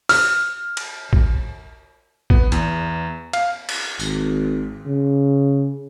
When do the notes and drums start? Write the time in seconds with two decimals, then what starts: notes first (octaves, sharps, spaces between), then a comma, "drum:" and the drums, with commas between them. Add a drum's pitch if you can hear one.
0.09 F6, drum: open hi-hat
0.77 drum: cymbal
1.13 drum: kick A1
2.30 B3, drum: kick A1
2.52 E2, drum: hi-hat
3.33 F5, drum: cymbal
3.69 drum: cymbal
4.00 G#1, drum: tambourine
4.86 C#3